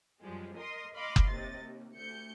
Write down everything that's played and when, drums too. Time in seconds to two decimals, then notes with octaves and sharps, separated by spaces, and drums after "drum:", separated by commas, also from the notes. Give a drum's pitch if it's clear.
0.22 F#2 F3 G3 G#3
0.55 A#4 D#5 C6 D#6
0.95 D#5 F5 B5 C6 D6
1.16 drum: kick F#1
1.31 D#2 C3 D#5 A6
1.63 D#2
1.95 D2 G6 C#7